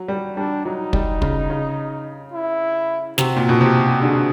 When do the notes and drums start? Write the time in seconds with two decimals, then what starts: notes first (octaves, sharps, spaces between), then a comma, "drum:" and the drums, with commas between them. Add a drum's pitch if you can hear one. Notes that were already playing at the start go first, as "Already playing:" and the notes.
Already playing: F#3
0.08 G3
0.36 G3 D4
0.65 F#3 D#4
0.93 G3, drum: kick
1.22 C#3, drum: kick
1.50 C#3
2.33 E4
3.18 C3 F#4, drum: snare
3.36 A#2
3.49 B2
3.60 C3 G4
4.02 D3 G#4